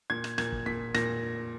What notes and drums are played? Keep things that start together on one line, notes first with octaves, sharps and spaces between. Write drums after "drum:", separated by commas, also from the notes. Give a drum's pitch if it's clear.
A#2 G#6
drum: rim click
A#2 G#6, drum: rim click
drum: kick
A#2 B6
A#2 A#6, drum: rim click